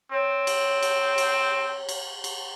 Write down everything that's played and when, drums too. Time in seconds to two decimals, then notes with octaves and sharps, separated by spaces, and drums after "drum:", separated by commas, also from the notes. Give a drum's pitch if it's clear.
0.12 C4 C#5
0.47 drum: cymbal
0.83 drum: cymbal
1.18 drum: cymbal
1.89 drum: cymbal
2.24 drum: cymbal